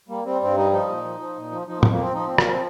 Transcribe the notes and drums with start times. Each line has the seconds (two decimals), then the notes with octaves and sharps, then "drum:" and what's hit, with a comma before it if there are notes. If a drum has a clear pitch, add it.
0.09 G3 A#3
0.25 G3 C4
0.41 G2 C4
0.57 G3 D#4
0.72 F3 D#4
0.89 A#2
1.04 F3
1.20 F3
1.36 A#2
1.51 F3
1.67 F3 D#4
1.78 A#3
1.83 F2, drum: tom A2
1.91 A#3
1.99 F3 C4
2.14 F3 D#4
2.27 A#2 C4
2.38 A#3, drum: rim click
2.46 F3 C4